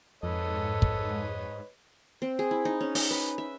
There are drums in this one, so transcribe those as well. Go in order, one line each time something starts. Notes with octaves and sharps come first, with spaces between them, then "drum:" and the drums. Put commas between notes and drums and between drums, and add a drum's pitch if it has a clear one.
F2 G#2 A4 B4 C#5 D#5
drum: kick
C4
G#4
E4
D#4
C#4
D#4, drum: open hi-hat
B4
E5